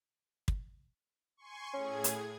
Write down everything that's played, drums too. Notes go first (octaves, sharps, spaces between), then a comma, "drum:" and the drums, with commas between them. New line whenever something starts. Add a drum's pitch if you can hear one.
drum: kick
G#5 C6 C#6
A2 C#4 G#4 G#6
drum: hi-hat